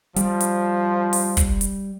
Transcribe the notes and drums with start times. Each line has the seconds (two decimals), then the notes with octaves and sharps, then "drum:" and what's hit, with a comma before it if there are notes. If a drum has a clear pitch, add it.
0.16 F3 G3, drum: hi-hat
0.40 drum: hi-hat
1.13 drum: open hi-hat
1.37 drum: kick, hi-hat
1.61 drum: hi-hat